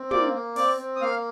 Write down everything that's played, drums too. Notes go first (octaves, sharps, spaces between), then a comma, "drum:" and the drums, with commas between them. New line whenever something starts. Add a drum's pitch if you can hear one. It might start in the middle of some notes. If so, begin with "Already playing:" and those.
Already playing: C4
A#3 D5 D6, drum: tom
A#3
C4 D5 D6, drum: open hi-hat
C4
D#6
A#3 F5 F6